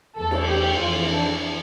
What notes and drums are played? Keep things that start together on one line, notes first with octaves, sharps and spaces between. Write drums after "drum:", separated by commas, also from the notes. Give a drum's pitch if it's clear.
E2 E3 A3 A4
drum: cymbal
G4
F2 E3 A3 F4
D4